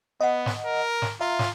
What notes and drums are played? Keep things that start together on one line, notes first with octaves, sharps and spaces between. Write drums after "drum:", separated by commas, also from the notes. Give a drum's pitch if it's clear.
B3 D#5 F#5
drum: snare
A#4
drum: snare
F4 E5 A#5
drum: snare